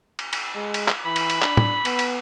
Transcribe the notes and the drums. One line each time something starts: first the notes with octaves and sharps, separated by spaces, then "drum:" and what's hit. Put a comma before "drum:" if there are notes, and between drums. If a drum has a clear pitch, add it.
drum: cymbal
drum: cymbal
G#3
drum: cymbal
drum: clap
E3 B5
drum: cymbal
drum: cymbal
D4, drum: clap
drum: tom
B3, drum: cymbal
drum: cymbal